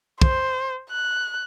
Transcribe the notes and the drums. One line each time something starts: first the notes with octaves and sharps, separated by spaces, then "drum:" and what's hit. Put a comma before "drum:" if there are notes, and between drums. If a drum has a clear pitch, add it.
C5, drum: kick
F#6